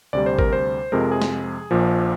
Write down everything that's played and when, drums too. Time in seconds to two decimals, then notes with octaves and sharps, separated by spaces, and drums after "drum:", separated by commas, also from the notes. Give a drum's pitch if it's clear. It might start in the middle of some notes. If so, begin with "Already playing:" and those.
0.13 D2 C3 G3 D5
0.26 C5
0.39 A#4, drum: kick G#1
0.53 C5
0.92 F2 C3 F3 G#3 A#4
1.12 G#4
1.22 drum: snare
1.71 A#1 A#2 F3